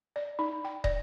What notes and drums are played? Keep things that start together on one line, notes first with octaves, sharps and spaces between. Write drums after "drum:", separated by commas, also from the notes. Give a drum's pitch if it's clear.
D5
D#4
G5
D5, drum: kick